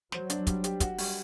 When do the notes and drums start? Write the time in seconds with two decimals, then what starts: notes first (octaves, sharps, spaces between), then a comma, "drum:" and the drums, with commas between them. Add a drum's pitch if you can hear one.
0.12 F#3 C5, drum: snare
0.30 D4, drum: hi-hat
0.47 G3, drum: kick, hi-hat
0.64 G4, drum: hi-hat
0.80 F#4, drum: kick, hi-hat
0.98 G3, drum: open hi-hat